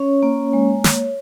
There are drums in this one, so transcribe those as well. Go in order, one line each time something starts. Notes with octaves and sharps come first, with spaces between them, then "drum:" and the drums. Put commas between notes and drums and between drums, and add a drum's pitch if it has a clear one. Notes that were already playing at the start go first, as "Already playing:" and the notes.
Already playing: C#4 C#5
A#3
G#3
drum: snare